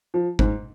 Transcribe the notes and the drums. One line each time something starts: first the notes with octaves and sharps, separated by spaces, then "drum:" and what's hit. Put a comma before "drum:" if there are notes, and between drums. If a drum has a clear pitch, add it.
F3
G#2, drum: kick G1